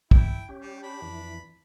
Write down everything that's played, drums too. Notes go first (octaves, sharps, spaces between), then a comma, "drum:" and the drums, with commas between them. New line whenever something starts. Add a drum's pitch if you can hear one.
E4 G5, drum: kick
C#4 G4
G3
D4 B5
F2 E3